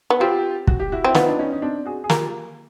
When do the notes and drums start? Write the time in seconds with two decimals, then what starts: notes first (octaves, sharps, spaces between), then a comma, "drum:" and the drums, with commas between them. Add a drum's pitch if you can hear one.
0.10 B3
0.20 C4 F4 G4
0.67 F#4, drum: kick
0.80 G4
0.92 E4 F#4
1.04 C4 E4
1.14 B3 D#4 F4, drum: snare
1.29 D4
1.39 C#4 D#4
1.52 D#4
1.62 C4 D4
1.86 F#4 G#4
2.04 G#4
2.09 A#3 F4 G4, drum: snare